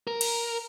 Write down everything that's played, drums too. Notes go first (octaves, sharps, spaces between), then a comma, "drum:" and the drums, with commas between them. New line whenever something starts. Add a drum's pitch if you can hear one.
A#4
drum: cymbal